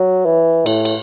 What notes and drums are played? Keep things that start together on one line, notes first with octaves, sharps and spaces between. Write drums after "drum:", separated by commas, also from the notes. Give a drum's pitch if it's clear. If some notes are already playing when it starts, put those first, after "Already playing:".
Already playing: F#3
E3
A2, drum: cymbal
drum: cymbal